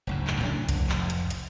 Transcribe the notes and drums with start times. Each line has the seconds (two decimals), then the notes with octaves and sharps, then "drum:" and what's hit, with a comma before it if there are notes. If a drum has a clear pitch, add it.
0.07 F#1 D2 G#2
0.27 drum: clap
0.40 A2 C#3 F#3 D4
0.69 F1, drum: kick B1, hi-hat
0.89 drum: clap
1.10 drum: hi-hat
1.30 drum: hi-hat